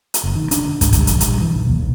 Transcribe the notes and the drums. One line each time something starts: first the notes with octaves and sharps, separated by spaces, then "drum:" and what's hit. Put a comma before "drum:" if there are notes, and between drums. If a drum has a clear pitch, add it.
drum: hi-hat
F#1
D#3
D4, drum: hi-hat
D3
G#2, drum: kick, hi-hat
G2, drum: kick, hi-hat
A#1, drum: hi-hat
G2, drum: hi-hat
E3
B1
D#2
B1